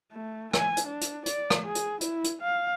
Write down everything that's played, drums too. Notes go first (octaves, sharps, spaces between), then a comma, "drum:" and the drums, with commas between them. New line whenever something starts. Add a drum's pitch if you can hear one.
A3
G#5, drum: rim click
drum: hi-hat
D4
drum: hi-hat
D5, drum: hi-hat
drum: rim click
G#4
drum: hi-hat
E4, drum: hi-hat
drum: hi-hat
F5